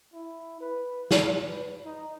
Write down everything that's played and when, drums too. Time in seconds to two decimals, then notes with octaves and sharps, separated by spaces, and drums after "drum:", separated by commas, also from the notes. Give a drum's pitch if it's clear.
0.13 E4
0.61 B4
1.11 F3, drum: snare
1.46 B4
1.85 D#4